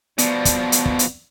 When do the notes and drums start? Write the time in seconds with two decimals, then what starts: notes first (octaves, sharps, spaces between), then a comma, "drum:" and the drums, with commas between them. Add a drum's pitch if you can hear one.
0.18 B2 F3 B3 D5, drum: hi-hat
0.45 drum: kick, hi-hat
0.72 drum: hi-hat
0.86 drum: kick
0.99 drum: hi-hat